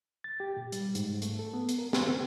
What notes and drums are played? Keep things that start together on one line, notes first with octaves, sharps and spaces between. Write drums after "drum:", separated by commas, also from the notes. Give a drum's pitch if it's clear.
A6
G4
A#2
G3, drum: hi-hat
G#2, drum: hi-hat
A3, drum: hi-hat
A4
B3
drum: hi-hat
A#4
drum: snare
C#3